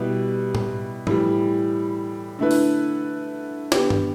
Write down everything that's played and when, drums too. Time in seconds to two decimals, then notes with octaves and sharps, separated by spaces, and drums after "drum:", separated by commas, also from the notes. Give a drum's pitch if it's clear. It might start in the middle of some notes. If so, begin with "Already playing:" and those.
Already playing: B2 G3 E4 G4 B4
0.55 drum: tom A2
1.07 A2 E3 G3, drum: tom F3
2.39 D3 A3 E4 B4
2.51 drum: open hi-hat
3.72 D3 B3 G4, drum: snare
3.90 drum: tom G2